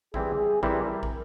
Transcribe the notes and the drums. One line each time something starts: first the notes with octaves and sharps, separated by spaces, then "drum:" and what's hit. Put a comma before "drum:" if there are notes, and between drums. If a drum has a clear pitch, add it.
E3 G3 C4 E4 G#4, drum: kick
E3 G3 C4 E4 A#4, drum: kick
drum: kick